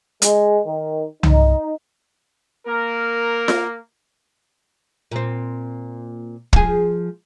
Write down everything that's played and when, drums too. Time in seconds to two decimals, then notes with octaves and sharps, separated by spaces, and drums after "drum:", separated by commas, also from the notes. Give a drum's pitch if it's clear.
0.22 G#3, drum: hi-hat
0.66 D#3
1.23 D#4, drum: tom C2
2.67 A#3 A#4
3.48 drum: snare F4
5.12 A#2 C4
6.53 F3 G#4, drum: kick